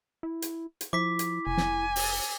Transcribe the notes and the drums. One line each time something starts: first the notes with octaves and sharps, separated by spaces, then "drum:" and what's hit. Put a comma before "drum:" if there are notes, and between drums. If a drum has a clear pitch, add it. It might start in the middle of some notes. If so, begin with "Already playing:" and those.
E4
drum: hi-hat
drum: hi-hat
F3 E4 D6 B6
drum: hi-hat
F1 G#5
drum: snare
drum: open hi-hat